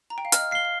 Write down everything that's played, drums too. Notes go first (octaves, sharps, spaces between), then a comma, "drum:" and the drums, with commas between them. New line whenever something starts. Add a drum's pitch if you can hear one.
A#5
G5
F5
D#5 F6, drum: hi-hat
F5 C7 G7
F5